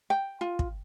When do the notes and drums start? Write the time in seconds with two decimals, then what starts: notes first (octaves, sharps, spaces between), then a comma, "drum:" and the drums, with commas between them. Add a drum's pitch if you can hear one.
0.10 G5
0.41 F4
0.59 drum: kick